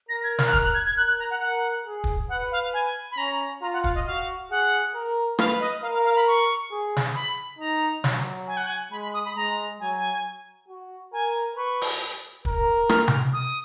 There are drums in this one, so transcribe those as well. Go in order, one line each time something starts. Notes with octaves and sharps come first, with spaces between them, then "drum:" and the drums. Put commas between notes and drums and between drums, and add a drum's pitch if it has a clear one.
A#4 A#6
G#6
F6, drum: snare
F#6
F6, drum: kick
F#6
G#6
G#6
A#4 F#6
F#6
A#5
F#5
A#4 F#5
G#4
drum: kick
B4 F#5
F5
G#5
B5
C#4 A#5
F4 A#5
F#5
F5, drum: kick
D#5
F#4 F5
G#4 F#5
A#4
B4 F5, drum: rim click
D#5
A#4 F5
F5
F5
B5
C#6
G#4
drum: snare
B5
D#4 A#5
F#3, drum: snare
G#5
F#5
G#5
G#3 B5
B5
D#6
B5
G#3 A#5
F#3 G#5
F#4
A#4 G#5
B4 C#6
drum: open hi-hat
A#4, drum: kick
F6, drum: rim click
drum: tom C3
D#6